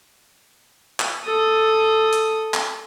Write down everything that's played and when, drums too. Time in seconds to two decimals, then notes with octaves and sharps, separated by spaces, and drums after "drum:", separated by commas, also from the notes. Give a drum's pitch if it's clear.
1.00 drum: clap
1.24 A4 D#6
2.13 drum: hi-hat
2.54 drum: clap